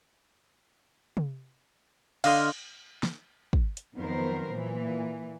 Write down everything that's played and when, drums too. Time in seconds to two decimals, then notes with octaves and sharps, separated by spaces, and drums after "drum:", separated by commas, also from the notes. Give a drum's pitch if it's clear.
1.17 drum: tom
2.24 D3 D#5 F5 C6 F6, drum: cymbal
3.03 drum: snare
3.53 drum: kick
3.77 drum: hi-hat
3.96 F2 D#3 F#3 B3 A#4 C5
4.51 A#2 E3